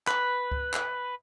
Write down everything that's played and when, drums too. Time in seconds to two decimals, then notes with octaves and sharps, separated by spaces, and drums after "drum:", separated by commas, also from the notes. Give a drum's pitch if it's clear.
0.07 B4, drum: clap
0.52 drum: kick C#2
0.74 drum: clap